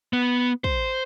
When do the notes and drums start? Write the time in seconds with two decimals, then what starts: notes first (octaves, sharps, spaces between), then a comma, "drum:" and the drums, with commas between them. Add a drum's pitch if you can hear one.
0.13 B3
0.64 C5, drum: kick